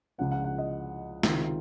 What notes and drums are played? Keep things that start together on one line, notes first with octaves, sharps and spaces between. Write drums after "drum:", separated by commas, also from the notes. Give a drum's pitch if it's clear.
C#2 C#3 F3 F#5
F#5
F#5
D#5
C#2 C3 D#3 F4, drum: snare